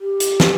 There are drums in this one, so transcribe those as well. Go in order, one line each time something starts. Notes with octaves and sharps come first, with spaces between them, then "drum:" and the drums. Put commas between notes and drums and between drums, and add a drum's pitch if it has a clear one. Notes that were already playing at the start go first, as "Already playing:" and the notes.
G4
drum: hi-hat
drum: snare